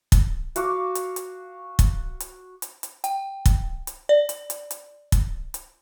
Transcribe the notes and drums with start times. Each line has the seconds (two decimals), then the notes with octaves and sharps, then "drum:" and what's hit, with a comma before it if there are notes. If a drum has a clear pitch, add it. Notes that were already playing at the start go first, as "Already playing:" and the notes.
0.12 drum: kick, hi-hat
0.56 F#4 F5 C#6 D6, drum: hi-hat
0.95 drum: hi-hat
1.16 drum: hi-hat
1.79 drum: kick, hi-hat
2.20 drum: hi-hat
2.62 drum: hi-hat
2.83 drum: hi-hat
3.04 G5, drum: hi-hat
3.46 drum: kick, hi-hat
3.87 drum: hi-hat
4.09 D5
4.29 drum: hi-hat
4.50 drum: hi-hat
4.71 drum: hi-hat
5.12 drum: kick, hi-hat
5.54 drum: hi-hat